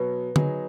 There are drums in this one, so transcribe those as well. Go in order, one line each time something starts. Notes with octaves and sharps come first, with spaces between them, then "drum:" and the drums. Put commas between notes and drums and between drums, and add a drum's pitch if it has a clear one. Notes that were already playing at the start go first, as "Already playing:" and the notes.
Already playing: B2 F#3 B3 B4
F#3 B3 D#4 G#4, drum: tom D3